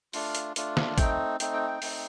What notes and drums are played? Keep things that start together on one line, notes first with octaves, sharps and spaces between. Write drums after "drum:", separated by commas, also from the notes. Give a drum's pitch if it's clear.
A3 D4 F4 F5, drum: open hi-hat
drum: hi-hat
A3 D4 F4, drum: hi-hat
drum: snare
A3 C4 D#4 G5, drum: kick, hi-hat
A3 C4 D#4 G5, drum: hi-hat
G5
G5
A3 C4 D#4, drum: open hi-hat